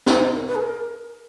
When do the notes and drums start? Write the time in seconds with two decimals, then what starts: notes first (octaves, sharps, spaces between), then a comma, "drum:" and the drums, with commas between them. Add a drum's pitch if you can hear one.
0.06 E4, drum: snare
0.20 D#4
0.34 A#4
0.47 B4
0.55 G#4
0.61 A#4